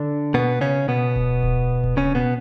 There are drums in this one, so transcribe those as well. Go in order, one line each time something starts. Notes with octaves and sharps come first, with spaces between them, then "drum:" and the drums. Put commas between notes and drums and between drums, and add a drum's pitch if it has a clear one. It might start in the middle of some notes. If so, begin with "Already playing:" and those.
Already playing: D3 D4
B2 B3
C#3 C#4
B2 B3
drum: kick D1
drum: kick D1
drum: kick D1
C#3 C#4
B2 B3